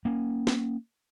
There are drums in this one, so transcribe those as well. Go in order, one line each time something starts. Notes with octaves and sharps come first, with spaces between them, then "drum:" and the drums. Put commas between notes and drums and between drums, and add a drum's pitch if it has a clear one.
A#3 C#4
drum: snare